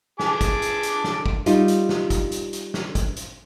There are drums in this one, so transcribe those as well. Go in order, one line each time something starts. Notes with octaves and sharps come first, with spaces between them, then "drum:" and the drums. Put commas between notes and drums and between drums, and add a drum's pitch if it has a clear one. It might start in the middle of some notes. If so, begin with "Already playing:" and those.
G#4 A5 D6, drum: snare
drum: kick, hi-hat
drum: hi-hat
drum: hi-hat
drum: snare
drum: kick
G3 D#4 F4, drum: hi-hat
drum: hi-hat
drum: snare
drum: kick, hi-hat
drum: hi-hat
drum: hi-hat
drum: snare
drum: kick, hi-hat
drum: hi-hat